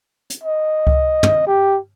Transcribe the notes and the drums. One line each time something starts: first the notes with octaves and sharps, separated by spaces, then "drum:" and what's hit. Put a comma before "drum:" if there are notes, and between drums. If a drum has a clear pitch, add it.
drum: hi-hat
D#5
drum: kick C#2
drum: tom
G4